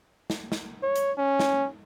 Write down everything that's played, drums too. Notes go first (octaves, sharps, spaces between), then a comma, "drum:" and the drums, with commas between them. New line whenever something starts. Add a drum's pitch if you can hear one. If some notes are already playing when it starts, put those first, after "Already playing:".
drum: snare
drum: snare
C#5
drum: hi-hat
C#4
drum: snare